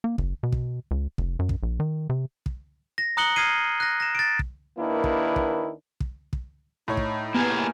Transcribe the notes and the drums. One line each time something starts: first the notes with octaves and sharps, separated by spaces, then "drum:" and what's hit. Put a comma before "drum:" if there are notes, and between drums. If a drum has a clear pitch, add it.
A#3
F#1, drum: kick
B2
drum: kick
C#2
F1, drum: kick
F#2
drum: kick
A#1
D#3
C3
drum: kick
A#6
A#5 D#6 F#6 C#7 F#7 G7
D#6 F6 G#6 C7 D#7
F#6 A#6
A#6 E7
A6 D7
drum: kick
D#2 D#3 A#3 D4 E4 B4
drum: kick
drum: kick
drum: kick
drum: kick
A2 D#4 C#5
drum: kick
A#3 B3 G4 G#4 A#4 G#5